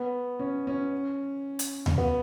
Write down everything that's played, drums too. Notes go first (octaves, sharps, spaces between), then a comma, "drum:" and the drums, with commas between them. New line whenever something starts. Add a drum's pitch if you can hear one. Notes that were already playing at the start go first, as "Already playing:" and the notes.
Already playing: B3
C#4
C#4
drum: hi-hat
drum: tom D#2
B3